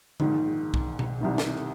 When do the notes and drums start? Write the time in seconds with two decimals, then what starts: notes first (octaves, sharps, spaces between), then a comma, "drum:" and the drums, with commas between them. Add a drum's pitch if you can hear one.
0.20 A#1 G#2 D#3, drum: tom D3
0.74 drum: kick
0.99 drum: tom B2
1.21 C2 C3 D#3
1.38 drum: snare